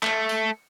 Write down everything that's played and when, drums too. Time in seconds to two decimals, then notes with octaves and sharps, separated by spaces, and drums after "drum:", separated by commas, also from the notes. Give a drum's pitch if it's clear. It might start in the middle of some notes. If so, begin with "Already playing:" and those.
0.03 A3, drum: clap
0.29 drum: tambourine